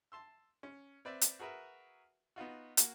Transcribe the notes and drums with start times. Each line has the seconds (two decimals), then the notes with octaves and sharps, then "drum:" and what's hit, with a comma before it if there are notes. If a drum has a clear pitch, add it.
0.12 A5 C6 E6
0.63 C#4
1.05 C4 B4 D5 E5
1.21 drum: hi-hat
1.39 F#4 G#4 A#4 B4 E5
2.36 B3 D#4 F4 F#4
2.77 A#3 F#4, drum: hi-hat